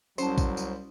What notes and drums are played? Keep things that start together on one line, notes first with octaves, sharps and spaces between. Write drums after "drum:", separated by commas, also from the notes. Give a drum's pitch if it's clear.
C2 F#3 C#4 C5 A5, drum: tambourine
drum: kick A#1, tambourine
drum: tambourine